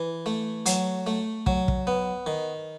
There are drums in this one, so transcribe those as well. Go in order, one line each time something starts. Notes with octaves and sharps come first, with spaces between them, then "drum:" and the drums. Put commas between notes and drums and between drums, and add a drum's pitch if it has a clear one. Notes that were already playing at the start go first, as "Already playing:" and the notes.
Already playing: E3
A3
F#3, drum: hi-hat
A3
F#3, drum: kick
drum: kick
B3
D#3